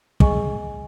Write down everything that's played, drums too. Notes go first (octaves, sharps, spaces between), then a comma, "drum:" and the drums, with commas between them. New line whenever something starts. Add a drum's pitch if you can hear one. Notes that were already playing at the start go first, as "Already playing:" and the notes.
G#4 D#5 G#5 C#6, drum: kick